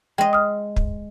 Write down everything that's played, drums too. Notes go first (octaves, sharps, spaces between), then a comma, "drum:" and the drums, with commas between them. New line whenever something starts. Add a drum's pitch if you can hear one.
G#3 D#5 G5
D#6 F6
drum: kick